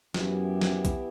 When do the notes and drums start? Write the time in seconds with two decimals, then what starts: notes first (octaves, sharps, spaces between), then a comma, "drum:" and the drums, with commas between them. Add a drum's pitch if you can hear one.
0.14 F#2 E3 B3 E4 G4, drum: snare
0.61 drum: snare
0.85 drum: kick B1, hi-hat